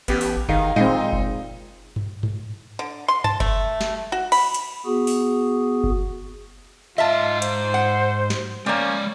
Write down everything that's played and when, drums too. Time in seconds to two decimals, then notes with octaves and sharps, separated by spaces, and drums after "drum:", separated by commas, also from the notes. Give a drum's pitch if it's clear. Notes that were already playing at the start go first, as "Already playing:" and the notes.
0.08 A1 B3 G4, drum: cymbal
0.21 drum: open hi-hat
0.49 D#3 D#4 G#4 F5, drum: kick F#1
0.76 A#2 G#3 C4 D#4 D#5
1.13 drum: kick F#1
1.96 drum: tom G2
2.23 drum: tom G2
2.79 D3
3.08 C6
3.24 A5, drum: tom G2
3.40 A3, drum: kick F#1
3.81 drum: snare
4.12 F#4
4.32 B5, drum: cymbal
4.54 drum: hi-hat
4.86 B3 F#4 G#4
5.07 drum: open hi-hat
5.84 drum: kick F#1
6.98 G#2 F4 D#5 E5 A5
7.42 C5, drum: hi-hat
7.74 F#5
8.30 drum: snare
8.66 G3 G#3 A#3 C#4 D5